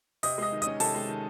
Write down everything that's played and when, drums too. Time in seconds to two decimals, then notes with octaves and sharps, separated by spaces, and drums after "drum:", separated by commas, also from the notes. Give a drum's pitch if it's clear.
0.23 C3 D#5 D#6, drum: open hi-hat
0.38 G#3 D#5 D#6
0.53 D#3
0.62 C#4 D#5 D#6, drum: hi-hat
0.80 C3 A4 A5, drum: open hi-hat
0.94 G#3
1.09 D#3